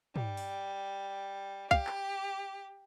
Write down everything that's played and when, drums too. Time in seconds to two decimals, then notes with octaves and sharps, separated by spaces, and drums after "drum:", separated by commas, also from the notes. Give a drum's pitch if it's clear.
0.16 G3, drum: tom
0.37 drum: open hi-hat
1.71 G4 F5, drum: kick C2
1.87 drum: clap